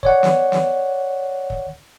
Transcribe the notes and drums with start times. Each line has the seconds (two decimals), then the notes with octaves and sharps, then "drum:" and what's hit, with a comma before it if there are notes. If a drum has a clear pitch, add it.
0.03 C#5 D5 F#5, drum: kick
0.23 drum: snare
0.52 drum: snare
1.50 drum: kick